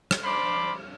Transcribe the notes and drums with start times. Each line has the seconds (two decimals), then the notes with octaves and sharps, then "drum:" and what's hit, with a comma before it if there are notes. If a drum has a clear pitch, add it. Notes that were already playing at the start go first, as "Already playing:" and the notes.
0.11 drum: rim click
0.24 D4 C5 B5 C6 D6